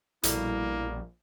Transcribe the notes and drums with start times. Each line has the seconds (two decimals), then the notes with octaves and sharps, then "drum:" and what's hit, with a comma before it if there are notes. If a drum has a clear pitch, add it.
0.23 A#1 B2 G3 A3 A#3 E4, drum: hi-hat